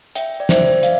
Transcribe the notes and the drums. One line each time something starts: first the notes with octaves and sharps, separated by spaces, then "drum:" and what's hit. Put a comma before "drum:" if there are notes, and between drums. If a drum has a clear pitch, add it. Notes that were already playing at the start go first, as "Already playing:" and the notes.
E5 G5, drum: hi-hat
D5
C5 E5, drum: snare
D5 F5, drum: hi-hat